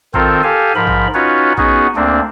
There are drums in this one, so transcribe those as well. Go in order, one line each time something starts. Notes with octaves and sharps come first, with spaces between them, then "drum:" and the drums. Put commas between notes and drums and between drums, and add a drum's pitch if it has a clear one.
D#3 C4 F4 A4 A#4 C5, drum: kick A#1
G4 A4 F5 G#5
G#2 F3 A#4 B5
drum: kick A#1
C#4 D#4 F4 F#4 B4 C#5
B3 C#4 D#4 F#4 G#4, drum: kick A#1
D2 A#3 C4 D4